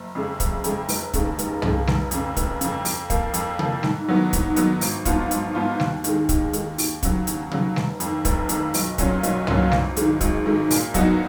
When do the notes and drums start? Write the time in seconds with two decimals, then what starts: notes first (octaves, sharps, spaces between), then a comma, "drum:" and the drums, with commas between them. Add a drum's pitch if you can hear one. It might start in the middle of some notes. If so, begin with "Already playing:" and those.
Already playing: F#1
0.15 F2 C#3 G#3
0.40 F#1, drum: kick, hi-hat
0.64 F2 C#3 G#3, drum: hi-hat
0.89 F1, drum: open hi-hat
1.13 D#2 C#3 G#3, drum: kick, hi-hat
1.39 F1, drum: hi-hat
1.62 D#2 C#3 G#3, drum: tom
1.87 F1, drum: snare G3
2.11 F2 C#3, drum: hi-hat
2.37 F1, drum: kick, hi-hat
2.61 F2 C#3, drum: hi-hat
2.85 F2, drum: open hi-hat
3.10 F3 A#3, drum: kick, hi-hat
3.34 F2, drum: hi-hat
3.59 F3 A#3, drum: tom C3
3.83 G#2, drum: snare G3
4.08 D#3 F#3 B3
4.33 G#2, drum: kick, hi-hat
4.56 D#3 F#3 B3, drum: hi-hat
4.81 G#1, drum: open hi-hat
5.05 G#2 F3 B3 F4, drum: kick, hi-hat
5.31 G#1, drum: hi-hat
5.55 G#2 F3 B3 F4
5.80 D#2, drum: snare G3
6.04 D#3 G#3, drum: hi-hat
6.29 D#2, drum: kick, hi-hat
6.53 D#3 G#3, drum: hi-hat
6.78 D#2, drum: open hi-hat
7.03 C#3 F#3, drum: kick, hi-hat
7.27 D#2, drum: hi-hat
7.51 C#3 F#3, drum: tom C3
7.76 F1, drum: snare G3
8.00 F2 D#3, drum: hi-hat
8.25 F1, drum: kick, hi-hat
8.49 F2 D#3, drum: hi-hat
8.74 B1, drum: open hi-hat
8.98 A#2 F#3 C#4 F4, drum: kick, hi-hat
9.23 B1, drum: hi-hat
9.47 A#2 F#3 C#4 F4, drum: tom
9.72 G#1, drum: snare G3
9.96 G#2 D#3 G#3, drum: hi-hat
10.21 G#1, drum: kick, hi-hat
10.46 G#2 D#3 G#3
10.71 A#2, drum: open hi-hat
10.94 F#3 B3 D#4 F#4, drum: kick, hi-hat